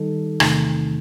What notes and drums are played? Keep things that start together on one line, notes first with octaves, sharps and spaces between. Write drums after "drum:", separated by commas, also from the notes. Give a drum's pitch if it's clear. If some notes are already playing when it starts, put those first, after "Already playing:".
Already playing: D#3 G3 D#4 A4
E2 C3 D#3 A3, drum: rim click